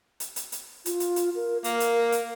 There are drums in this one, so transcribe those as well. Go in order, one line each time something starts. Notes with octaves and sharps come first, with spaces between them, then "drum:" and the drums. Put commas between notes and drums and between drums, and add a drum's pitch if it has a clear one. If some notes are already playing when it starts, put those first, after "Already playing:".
drum: hi-hat
drum: hi-hat
drum: hi-hat
F4, drum: hi-hat
drum: hi-hat
drum: hi-hat
A#4
A#3 A#4, drum: hi-hat
drum: hi-hat
drum: hi-hat